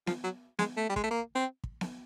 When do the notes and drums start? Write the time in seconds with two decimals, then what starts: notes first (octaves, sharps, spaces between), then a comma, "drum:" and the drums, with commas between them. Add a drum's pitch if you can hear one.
0.07 F3, drum: snare B3
0.24 F#3
0.59 G#3, drum: snare B3
0.77 A3
0.90 G3
0.96 G#3, drum: kick
1.04 A3
1.11 A#3
1.35 C4
1.64 drum: kick
1.81 drum: snare B3